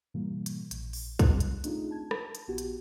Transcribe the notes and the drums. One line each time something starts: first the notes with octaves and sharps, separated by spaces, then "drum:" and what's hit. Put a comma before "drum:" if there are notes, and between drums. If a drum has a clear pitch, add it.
G#2 B2 E3 G3 A#3
drum: hi-hat
A#1, drum: hi-hat
drum: open hi-hat
C#2 G3 F#6, drum: kick, hi-hat
drum: hi-hat
A3 C4 D4 D#4 F4 G#4, drum: hi-hat
A5 G#6
drum: rim click
drum: hi-hat
A#1 B3 F#4 G4
drum: hi-hat